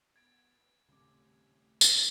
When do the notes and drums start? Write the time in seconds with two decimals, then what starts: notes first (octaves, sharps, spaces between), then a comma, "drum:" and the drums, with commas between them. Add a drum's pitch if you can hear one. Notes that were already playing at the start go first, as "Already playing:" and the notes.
0.16 B3 G#6 A6 D7
0.89 D#1 A2 C#3 A3 C4 D6
1.81 drum: tambourine